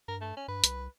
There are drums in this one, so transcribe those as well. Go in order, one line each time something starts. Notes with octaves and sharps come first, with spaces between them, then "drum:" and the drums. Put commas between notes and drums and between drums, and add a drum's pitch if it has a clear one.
G2 A#4
A3
C#4
G2 B4
C2, drum: hi-hat